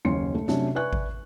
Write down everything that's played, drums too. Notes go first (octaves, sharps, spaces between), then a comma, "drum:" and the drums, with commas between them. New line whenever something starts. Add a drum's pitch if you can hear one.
F#1 D#2 C#4 C6 C#7
A3
C3 F#3 A3 C#4 D4, drum: snare
B4 D5 E5 G#5 C#6 F#6
drum: kick G#1